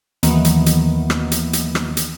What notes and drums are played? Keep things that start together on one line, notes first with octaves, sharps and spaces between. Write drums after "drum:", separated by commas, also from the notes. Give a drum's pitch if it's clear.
D#2 D#3 E3 F#3 A#3 B3, drum: hi-hat
drum: hi-hat
drum: hi-hat
drum: rim click
drum: hi-hat
drum: hi-hat
drum: rim click
drum: hi-hat